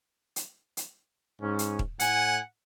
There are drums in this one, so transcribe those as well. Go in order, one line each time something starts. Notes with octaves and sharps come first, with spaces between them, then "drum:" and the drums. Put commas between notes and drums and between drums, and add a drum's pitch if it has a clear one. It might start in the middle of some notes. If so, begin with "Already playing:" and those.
drum: hi-hat
drum: hi-hat
G#2 C#4
drum: hi-hat
drum: kick D#1
A2 F#5 G#5, drum: hi-hat